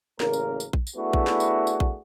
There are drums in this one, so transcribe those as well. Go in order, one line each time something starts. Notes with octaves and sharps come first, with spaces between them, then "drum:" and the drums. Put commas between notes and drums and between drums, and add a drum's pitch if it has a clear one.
A1 C#3 A#3 A#4, drum: snare
drum: tambourine
drum: tambourine
drum: kick A#1
drum: tambourine
A3 B3 D4 E4 F#4 G#4
drum: kick A#1
drum: snare
drum: tambourine
drum: tambourine
drum: kick A#1